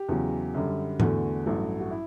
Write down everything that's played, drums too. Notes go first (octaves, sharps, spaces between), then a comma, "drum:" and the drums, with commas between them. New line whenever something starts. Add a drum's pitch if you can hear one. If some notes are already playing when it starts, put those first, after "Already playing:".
Already playing: G4
E2 C#3 F#3
F#2 D3 G3
E2 D3 A3 F#4, drum: tom G#2
A1 G2 F#3 A3
F#4
E4